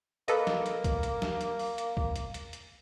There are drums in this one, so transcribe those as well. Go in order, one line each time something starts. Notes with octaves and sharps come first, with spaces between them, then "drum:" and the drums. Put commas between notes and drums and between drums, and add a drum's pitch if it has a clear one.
A#3 A4 B4 D#5, drum: hi-hat
drum: snare
drum: hi-hat
drum: kick, hi-hat
drum: hi-hat
drum: snare
drum: hi-hat
drum: open hi-hat
drum: hi-hat
drum: kick
drum: hi-hat
drum: hi-hat
drum: hi-hat